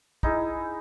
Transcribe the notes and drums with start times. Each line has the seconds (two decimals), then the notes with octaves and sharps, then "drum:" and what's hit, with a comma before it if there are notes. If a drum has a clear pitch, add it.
0.23 D#4 E4 G#4, drum: kick